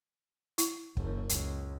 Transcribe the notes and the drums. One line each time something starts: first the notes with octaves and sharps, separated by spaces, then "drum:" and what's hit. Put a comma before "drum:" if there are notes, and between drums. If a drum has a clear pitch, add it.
E4, drum: hi-hat
F#1 D#2, drum: kick
C#2, drum: hi-hat